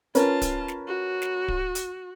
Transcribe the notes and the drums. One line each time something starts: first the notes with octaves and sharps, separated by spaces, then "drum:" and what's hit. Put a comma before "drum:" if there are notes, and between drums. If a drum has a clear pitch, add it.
C#4 F4 A#4 B4 A5, drum: hi-hat
drum: kick D1, hi-hat
drum: snare
F#4
drum: snare
drum: kick D1
drum: hi-hat